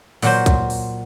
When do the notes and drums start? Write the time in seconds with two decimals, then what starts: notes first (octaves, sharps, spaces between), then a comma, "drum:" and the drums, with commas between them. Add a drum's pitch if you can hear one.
0.22 A#2 F#3 C5, drum: open hi-hat
0.46 drum: kick C2, hi-hat
0.70 drum: open hi-hat